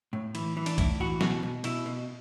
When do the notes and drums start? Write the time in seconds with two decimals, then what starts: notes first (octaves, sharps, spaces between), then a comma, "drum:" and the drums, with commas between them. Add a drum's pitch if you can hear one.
0.13 A2
0.35 E3, drum: cymbal
0.57 E3
0.66 D4, drum: cymbal
0.78 A2 E4, drum: kick, cymbal
1.00 E3 F#4
1.21 B2 F#4, drum: snare
1.43 B2
1.64 B2 E4, drum: cymbal
1.86 B2